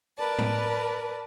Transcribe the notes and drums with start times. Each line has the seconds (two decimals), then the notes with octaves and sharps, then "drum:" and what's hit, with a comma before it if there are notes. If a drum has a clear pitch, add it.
0.16 A#4 B4 D5 A5
0.39 drum: tom A2